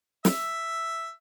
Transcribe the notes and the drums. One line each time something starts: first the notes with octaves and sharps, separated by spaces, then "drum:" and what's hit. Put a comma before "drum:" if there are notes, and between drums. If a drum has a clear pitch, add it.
E5, drum: snare